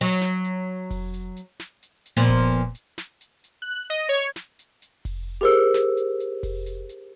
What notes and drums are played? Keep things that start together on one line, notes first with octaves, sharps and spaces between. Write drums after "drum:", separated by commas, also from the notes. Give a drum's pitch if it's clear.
F#3
drum: snare
drum: hi-hat
drum: kick F1, open hi-hat
drum: hi-hat
drum: hi-hat
drum: snare
drum: hi-hat
drum: hi-hat
A#2 F3 B3
drum: kick F1, open hi-hat
drum: hi-hat
drum: hi-hat
drum: snare
drum: hi-hat
drum: hi-hat
F#6
D#5, drum: hi-hat
C#5
drum: snare
drum: hi-hat
drum: hi-hat
drum: kick F1, open hi-hat
G4 G#4 A#4 C5 E6
drum: hi-hat
drum: snare
drum: hi-hat
drum: hi-hat
drum: kick F1, open hi-hat
drum: hi-hat
drum: hi-hat